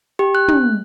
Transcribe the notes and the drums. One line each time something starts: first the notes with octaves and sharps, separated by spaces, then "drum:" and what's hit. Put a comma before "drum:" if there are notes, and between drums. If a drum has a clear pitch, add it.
G4
F#6
drum: tom